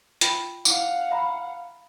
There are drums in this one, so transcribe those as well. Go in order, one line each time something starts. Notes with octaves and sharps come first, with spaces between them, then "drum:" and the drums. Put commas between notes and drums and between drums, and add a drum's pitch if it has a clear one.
F4 G5, drum: hi-hat
E4 F5 F#5 D6, drum: tambourine
E5 A#5 B5